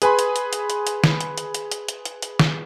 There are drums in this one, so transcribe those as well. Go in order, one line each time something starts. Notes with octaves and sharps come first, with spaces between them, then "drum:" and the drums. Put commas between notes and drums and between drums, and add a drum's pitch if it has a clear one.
G#4 B4 G#5 B5 C6, drum: hi-hat
drum: hi-hat
drum: hi-hat
drum: hi-hat
drum: hi-hat
drum: hi-hat
drum: snare
drum: hi-hat
drum: hi-hat
drum: hi-hat
drum: hi-hat
drum: hi-hat
drum: hi-hat
drum: hi-hat
drum: snare